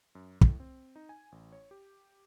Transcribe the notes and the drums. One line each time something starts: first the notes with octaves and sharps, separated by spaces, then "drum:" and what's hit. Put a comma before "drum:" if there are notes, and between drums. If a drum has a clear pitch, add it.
F#2
A2, drum: kick
C4
D#4
G#5
A1
C#5
G4